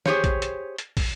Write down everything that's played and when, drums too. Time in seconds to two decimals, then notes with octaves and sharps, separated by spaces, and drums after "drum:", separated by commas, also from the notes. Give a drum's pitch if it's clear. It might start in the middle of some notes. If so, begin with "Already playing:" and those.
0.06 G4 G#4 C5 C#5, drum: snare
0.24 drum: kick, hi-hat
0.42 drum: hi-hat
0.78 drum: hi-hat
0.97 drum: kick, open hi-hat